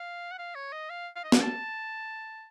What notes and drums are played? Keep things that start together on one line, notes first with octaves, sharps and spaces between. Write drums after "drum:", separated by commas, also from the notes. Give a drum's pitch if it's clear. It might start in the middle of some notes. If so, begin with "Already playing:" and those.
Already playing: F5
F#5
F5
C#5
D#5
F5
F5
D#5
F#5, drum: snare
A5